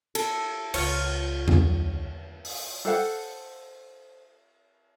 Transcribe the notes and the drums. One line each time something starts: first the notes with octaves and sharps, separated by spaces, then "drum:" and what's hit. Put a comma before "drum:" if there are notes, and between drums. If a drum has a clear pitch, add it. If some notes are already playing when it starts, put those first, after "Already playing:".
A4, drum: cymbal
C#2 F4 C#5, drum: cymbal
drum: tom E2
drum: open hi-hat
A4 C5 F5 F#5